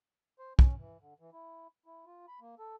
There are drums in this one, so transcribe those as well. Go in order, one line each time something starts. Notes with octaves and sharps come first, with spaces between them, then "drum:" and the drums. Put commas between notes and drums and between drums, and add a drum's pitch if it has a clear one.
C5
C#4, drum: kick
E3
D3
E3
E4
E4
F4
B5
A#3
A4